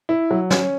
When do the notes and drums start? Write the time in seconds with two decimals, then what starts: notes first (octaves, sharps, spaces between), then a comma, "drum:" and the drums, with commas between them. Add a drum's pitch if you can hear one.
0.09 E4
0.31 F#3
0.50 C#4, drum: snare